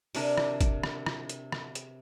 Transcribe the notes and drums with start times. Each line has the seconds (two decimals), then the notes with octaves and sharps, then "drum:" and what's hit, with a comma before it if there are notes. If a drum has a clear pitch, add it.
0.15 C3 D4 A#4, drum: open hi-hat
0.38 drum: rim click
0.61 drum: kick, hi-hat
0.83 drum: rim click
1.06 drum: rim click
1.29 drum: hi-hat
1.52 drum: rim click
1.75 drum: hi-hat